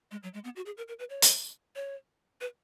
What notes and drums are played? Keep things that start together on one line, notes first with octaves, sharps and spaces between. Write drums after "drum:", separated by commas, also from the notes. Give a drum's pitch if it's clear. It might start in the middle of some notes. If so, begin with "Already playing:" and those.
G#3
F#3
G#3
B3
F#4
G#4
A#4
A#4
B4
C#5
drum: hi-hat
C#5
B4